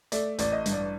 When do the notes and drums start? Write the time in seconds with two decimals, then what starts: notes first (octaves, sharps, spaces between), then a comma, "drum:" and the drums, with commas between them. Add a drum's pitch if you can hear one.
0.12 A3 D5, drum: hi-hat
0.39 A1 D5, drum: hi-hat
0.52 D#5
0.66 G2, drum: hi-hat
0.73 D5